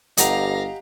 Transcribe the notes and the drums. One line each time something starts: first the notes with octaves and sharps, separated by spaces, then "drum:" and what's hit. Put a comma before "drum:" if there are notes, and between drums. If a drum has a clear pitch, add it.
G1 G4 D#5 F5 F#5 A#5 A#6, drum: hi-hat